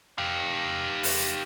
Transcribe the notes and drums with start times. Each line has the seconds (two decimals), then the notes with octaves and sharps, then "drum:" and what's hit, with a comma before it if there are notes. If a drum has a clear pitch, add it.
0.18 G4 F5
1.03 drum: open hi-hat